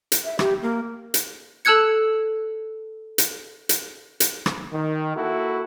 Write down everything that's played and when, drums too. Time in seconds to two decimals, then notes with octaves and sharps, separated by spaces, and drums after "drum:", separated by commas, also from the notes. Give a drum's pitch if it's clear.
0.12 drum: hi-hat
0.24 E5
0.39 G4, drum: rim click
0.62 A#3
1.14 drum: hi-hat
1.65 A4 A5 E6 F#6 G#6 C#7
3.18 drum: hi-hat
3.69 drum: hi-hat
4.20 drum: hi-hat
4.46 drum: rim click
4.72 D#3
5.16 A#3 E4 F#4 A4